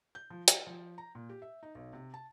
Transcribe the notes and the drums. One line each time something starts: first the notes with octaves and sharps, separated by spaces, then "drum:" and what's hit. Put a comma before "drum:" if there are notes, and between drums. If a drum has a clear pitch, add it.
G6
F3
F#5, drum: hi-hat
F3
A#5
A#2
G4
E5
D#4
B1
C3
A5